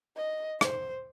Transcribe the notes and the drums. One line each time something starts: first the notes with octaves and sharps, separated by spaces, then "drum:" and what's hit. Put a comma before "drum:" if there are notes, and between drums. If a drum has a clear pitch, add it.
D#5
C5, drum: rim click